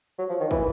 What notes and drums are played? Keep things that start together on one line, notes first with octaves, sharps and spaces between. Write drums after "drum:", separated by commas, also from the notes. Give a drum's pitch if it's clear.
F#3
F3
D#3
E3, drum: kick